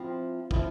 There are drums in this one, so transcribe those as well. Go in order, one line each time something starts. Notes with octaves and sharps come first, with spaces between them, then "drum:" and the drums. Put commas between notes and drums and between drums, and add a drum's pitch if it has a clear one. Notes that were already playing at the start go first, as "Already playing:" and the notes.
Already playing: F3 C4 E4
F3 C4 E4, drum: kick